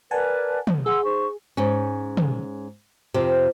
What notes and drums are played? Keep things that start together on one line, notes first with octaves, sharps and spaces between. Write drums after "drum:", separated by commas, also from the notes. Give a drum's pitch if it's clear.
A#4 B4 D5 F#5 G#5 A5
drum: tom
G#4 F#5 C6 E6
D#4 C5 C#6
G#2 C#4
drum: tom
F2 C3